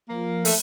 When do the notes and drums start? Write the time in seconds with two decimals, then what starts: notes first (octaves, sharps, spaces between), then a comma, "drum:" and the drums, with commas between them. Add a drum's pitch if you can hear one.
0.09 F3 A#3
0.45 A3, drum: open hi-hat